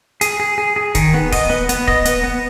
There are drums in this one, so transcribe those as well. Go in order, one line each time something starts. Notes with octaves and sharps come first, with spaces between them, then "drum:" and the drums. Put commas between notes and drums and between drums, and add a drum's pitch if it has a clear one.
G#4, drum: hi-hat
G#4
G#4
G#4
D#3, drum: kick, hi-hat
B3
D#5, drum: kick, open hi-hat
B3
B3, drum: hi-hat
D#5, drum: kick
B3, drum: hi-hat
B3